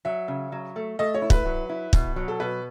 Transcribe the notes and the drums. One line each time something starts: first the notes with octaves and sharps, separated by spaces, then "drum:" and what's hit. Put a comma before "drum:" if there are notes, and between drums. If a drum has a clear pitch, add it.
F#3 E5
C#3
F#3
A3
A3 D#5
C#5
E4
B4, drum: kick
F#3
E4
B2, drum: kick
F#3
A4
B2 B4